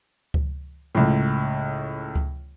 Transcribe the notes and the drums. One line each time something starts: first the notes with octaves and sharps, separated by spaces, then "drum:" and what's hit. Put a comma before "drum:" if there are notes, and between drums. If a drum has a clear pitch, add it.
drum: kick C#2
C#2 A2
drum: kick C#2